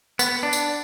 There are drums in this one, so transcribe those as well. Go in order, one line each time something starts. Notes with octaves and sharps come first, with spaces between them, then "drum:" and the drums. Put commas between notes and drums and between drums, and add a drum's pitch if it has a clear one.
B3, drum: tambourine
D4
drum: tambourine